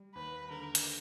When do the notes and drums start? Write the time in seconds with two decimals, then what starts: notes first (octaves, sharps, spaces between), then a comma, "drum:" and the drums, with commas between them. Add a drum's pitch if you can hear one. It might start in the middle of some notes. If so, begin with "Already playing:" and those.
Already playing: G3
0.14 D#2 B4
0.51 D3 A#4
0.75 drum: hi-hat